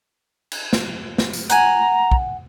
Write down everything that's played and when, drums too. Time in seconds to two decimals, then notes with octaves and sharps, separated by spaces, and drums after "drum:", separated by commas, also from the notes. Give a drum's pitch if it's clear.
0.52 drum: cymbal
0.73 drum: snare
1.18 drum: snare
1.33 drum: tambourine
1.50 F#5 G#5 A#5, drum: hi-hat
2.11 drum: kick